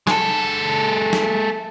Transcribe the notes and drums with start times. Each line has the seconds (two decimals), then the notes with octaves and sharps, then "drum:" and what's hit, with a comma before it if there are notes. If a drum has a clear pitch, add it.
0.07 G#3 A4, drum: snare
1.13 drum: snare